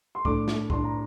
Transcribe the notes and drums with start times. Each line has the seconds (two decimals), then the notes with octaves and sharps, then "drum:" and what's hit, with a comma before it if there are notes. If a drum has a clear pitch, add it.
0.15 C6
0.25 A2 A3 D4 D6, drum: kick C2
0.48 drum: snare
0.70 A2 A3 D4 C6, drum: kick C2
0.84 A#5